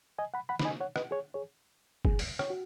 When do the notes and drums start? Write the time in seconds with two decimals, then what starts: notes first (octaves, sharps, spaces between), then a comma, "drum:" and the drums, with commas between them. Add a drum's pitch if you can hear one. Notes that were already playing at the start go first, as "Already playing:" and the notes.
0.18 D#5 G#5
0.34 F#5 B5
0.49 F#5 B5
0.59 B5, drum: snare
0.65 D#5 G#5
0.81 C#5 F#5
0.96 B4 D#5, drum: rim click
1.11 G#4 C#5
1.34 G#4 C#5
2.05 G#4, drum: kick
2.19 drum: open hi-hat
2.39 C#5, drum: rim click
2.50 F#4